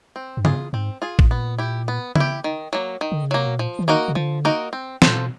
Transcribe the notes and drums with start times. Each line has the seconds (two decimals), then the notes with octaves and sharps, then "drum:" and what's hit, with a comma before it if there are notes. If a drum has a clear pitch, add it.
0.16 C4
0.37 G2
0.45 G#2 F4 G#4, drum: tom C#3
0.73 G#2 C4
1.02 F4 G#4
1.19 A2, drum: kick
1.30 A#2 B3
1.58 E4 G4
1.88 B3
2.16 E4 G4, drum: tom C#3
2.44 D#3
2.73 F#3 A#3
3.01 D#3
3.12 D3
3.23 C#3
3.31 C3 F#3 A#3
3.47 B2
3.59 A#2 F3
3.79 E3
3.87 D#3 A#3 D#4 F#4 A#4
4.08 C#3
4.15 D3 F3
4.45 A#3 D#4 F#4 A#4
4.73 C4
5.02 A#2 F4 A4 C5, drum: snare
5.18 B2